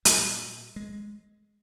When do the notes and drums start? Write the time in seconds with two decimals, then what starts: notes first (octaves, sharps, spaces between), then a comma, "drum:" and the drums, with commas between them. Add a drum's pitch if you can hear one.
0.05 A#2 G3, drum: hi-hat
0.76 G#3